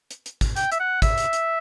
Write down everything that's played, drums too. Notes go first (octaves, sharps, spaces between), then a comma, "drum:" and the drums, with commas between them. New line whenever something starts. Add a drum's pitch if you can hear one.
drum: hi-hat
drum: hi-hat
drum: kick G#1, hi-hat
G5, drum: hi-hat
E5, drum: hi-hat
F#5
E5, drum: kick G#1, hi-hat
drum: hi-hat
drum: hi-hat